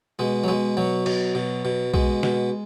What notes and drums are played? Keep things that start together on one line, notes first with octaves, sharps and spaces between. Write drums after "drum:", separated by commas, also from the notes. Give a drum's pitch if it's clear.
B2 G#3
F#3
B2 G#3
B2 F#3
B2, drum: cymbal
B2
B2
B2 G#3, drum: kick B1
B2, drum: snare